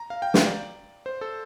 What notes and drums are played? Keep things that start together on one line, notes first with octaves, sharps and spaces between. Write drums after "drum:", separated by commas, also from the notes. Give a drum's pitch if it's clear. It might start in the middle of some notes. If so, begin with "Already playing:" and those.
Already playing: A#5
F5
G5
G5, drum: snare
D5
C5
A4